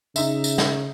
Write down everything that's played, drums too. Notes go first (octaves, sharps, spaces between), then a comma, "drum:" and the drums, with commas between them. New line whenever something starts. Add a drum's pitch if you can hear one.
C#3 D#4 E5, drum: tambourine
drum: tambourine
drum: snare